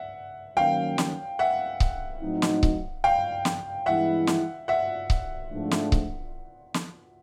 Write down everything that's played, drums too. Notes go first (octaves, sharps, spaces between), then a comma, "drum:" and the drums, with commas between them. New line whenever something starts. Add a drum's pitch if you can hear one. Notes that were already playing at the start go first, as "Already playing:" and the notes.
Already playing: E5 F#5
D#3 F#3 A#3 C#4 F5 G5
drum: snare
E5 F#5
drum: kick C#1
A2 F#3 A3 C4 D#4
drum: snare
drum: kick C#1
F5 G5
drum: snare
G2 E3 G#3 B3 E4 E5 F#5
drum: snare
E5 F#5
drum: kick C#1
G#2 F3 A3 D4
drum: snare
drum: kick C#1
drum: snare